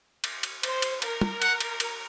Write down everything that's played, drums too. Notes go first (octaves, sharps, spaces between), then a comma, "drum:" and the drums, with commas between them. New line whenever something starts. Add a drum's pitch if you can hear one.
drum: cymbal
drum: cymbal
C5, drum: cymbal
drum: cymbal
A#4, drum: cymbal
drum: tom
F#5, drum: cymbal
drum: cymbal
drum: cymbal